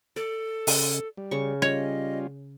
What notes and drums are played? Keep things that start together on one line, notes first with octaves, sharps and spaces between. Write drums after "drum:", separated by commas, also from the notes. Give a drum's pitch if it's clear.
A4 D5
C#3, drum: open hi-hat
G3
C#3 C#6
G3 C#4 F4 C#5 D#5